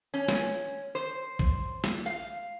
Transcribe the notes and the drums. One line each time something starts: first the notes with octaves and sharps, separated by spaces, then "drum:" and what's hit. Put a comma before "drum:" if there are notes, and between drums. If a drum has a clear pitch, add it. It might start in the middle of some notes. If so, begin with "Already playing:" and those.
C#4
drum: snare
C5
drum: kick A#1
drum: snare
F5